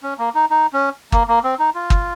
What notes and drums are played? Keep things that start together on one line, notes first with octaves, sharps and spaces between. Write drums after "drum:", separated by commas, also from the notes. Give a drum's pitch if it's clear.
C#4
A#3
D#4
D#4
C#4
A#3, drum: kick
A#3
C4
D#4
F4
drum: kick